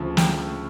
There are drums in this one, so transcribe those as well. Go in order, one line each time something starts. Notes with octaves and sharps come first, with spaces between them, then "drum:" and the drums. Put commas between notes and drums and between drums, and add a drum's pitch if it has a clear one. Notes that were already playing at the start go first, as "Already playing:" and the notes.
Already playing: D2 C#3 F3 G#3
G5, drum: snare